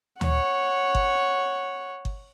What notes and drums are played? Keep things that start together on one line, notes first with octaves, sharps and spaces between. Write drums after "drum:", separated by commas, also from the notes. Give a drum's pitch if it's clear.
C#5 F#5, drum: tom D2
drum: kick G1
drum: kick G1